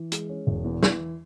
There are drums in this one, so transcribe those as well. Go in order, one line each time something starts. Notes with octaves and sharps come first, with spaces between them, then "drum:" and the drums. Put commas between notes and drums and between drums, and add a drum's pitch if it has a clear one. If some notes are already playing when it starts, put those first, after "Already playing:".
Already playing: E3
G#3, drum: hi-hat
C#4
E1
E2
E3, drum: snare